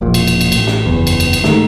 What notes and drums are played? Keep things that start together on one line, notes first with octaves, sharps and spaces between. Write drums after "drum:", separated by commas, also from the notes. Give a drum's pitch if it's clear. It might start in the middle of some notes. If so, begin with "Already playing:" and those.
E1 A#1 A#2
drum: cymbal
drum: cymbal
drum: cymbal
A1, drum: cymbal
drum: snare
F#1 E2
drum: cymbal
drum: cymbal
drum: cymbal
G#2 D#3 A3, drum: snare